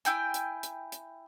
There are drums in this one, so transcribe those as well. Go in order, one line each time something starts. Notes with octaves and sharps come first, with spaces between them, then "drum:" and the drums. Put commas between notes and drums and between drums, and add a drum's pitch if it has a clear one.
E4 G5 G#5, drum: hi-hat
drum: hi-hat
drum: hi-hat
drum: hi-hat